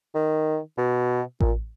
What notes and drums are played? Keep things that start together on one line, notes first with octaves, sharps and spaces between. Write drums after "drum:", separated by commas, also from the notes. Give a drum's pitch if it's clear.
D#3
B2
A#2, drum: kick A1